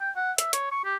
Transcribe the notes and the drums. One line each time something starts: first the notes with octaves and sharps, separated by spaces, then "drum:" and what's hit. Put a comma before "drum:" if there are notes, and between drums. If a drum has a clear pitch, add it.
G5
F#5
E5, drum: hi-hat
C#5, drum: hi-hat
C#6
G4